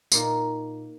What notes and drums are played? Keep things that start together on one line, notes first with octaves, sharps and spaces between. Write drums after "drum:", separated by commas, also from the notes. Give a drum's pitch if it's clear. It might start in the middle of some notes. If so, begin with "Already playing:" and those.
A#2 A#3 D#4 A#4, drum: tambourine